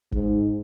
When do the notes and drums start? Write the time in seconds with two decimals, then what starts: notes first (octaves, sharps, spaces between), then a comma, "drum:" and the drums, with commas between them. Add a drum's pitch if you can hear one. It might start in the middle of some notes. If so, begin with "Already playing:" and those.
0.12 G#2, drum: kick